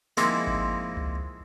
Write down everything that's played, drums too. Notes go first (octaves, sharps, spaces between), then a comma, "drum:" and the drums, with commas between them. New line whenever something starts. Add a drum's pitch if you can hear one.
F3 G#3 A#3 C4 D#4 E4, drum: snare
drum: kick G#1
drum: tom C#2